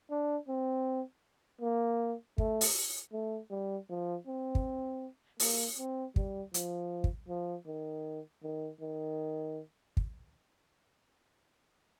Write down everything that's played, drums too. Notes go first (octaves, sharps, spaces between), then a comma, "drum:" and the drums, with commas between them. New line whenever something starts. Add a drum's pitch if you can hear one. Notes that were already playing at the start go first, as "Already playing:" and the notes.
D4
C4
A#3
A3, drum: kick
drum: open hi-hat
A3
G3
F3
C4
drum: kick
A#3, drum: open hi-hat
C4
G3, drum: kick
F3, drum: hi-hat
drum: kick
F3
D#3
D#3
D#3
drum: kick